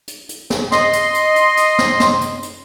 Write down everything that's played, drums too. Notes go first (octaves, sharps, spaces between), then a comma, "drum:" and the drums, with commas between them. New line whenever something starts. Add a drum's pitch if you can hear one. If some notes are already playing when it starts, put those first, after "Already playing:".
drum: hi-hat
drum: hi-hat
drum: snare
D#5 C6, drum: snare
drum: hi-hat
drum: hi-hat
drum: hi-hat
drum: hi-hat
drum: snare
drum: snare
drum: hi-hat
drum: hi-hat